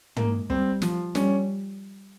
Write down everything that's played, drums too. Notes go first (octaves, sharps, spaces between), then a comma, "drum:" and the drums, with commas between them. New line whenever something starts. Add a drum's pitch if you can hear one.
G#3 A#3, drum: tom
G3 C4, drum: kick
F3, drum: snare
G3 C#4, drum: snare